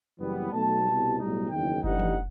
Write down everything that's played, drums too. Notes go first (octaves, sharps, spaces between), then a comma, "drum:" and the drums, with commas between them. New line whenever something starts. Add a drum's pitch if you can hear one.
F#1 F#2 E3 G3 B3
B1 B2 A3 A5
C2 B2 G3
B1 A2 G3 D#4
F#1 E2 D#3 G5
A1 G2 E3 G3 D#4 F#5, drum: kick F#1
drum: tom E3